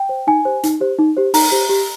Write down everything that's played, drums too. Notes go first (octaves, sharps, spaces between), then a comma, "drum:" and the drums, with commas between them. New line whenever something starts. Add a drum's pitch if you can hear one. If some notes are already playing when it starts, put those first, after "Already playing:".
Already playing: G5
C5
D#4 G#5
G4 C5
D#4, drum: hi-hat
G4 C5
D#4
G4 C5
D#4 A#5, drum: open hi-hat
G4 C5
G4